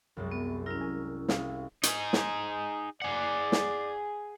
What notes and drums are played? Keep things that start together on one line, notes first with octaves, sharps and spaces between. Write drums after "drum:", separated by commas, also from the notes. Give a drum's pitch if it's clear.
C2 F#2 G#3
B3
C#4 E4 A#4 F6 A#6
G#5
C2 G#4 F5, drum: snare
D#4 G#4, drum: hi-hat
drum: snare
G#4 D5 F#5
drum: snare